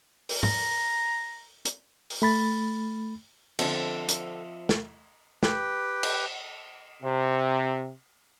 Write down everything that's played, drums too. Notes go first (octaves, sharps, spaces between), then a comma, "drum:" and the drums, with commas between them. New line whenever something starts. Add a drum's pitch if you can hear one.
drum: open hi-hat
A#5, drum: tom G#2
drum: hi-hat
drum: open hi-hat
A3 B5 A6
D3 F3 C4 A4 E5, drum: cymbal
drum: hi-hat
drum: snare
G4 B4 G5, drum: snare
drum: cymbal
C3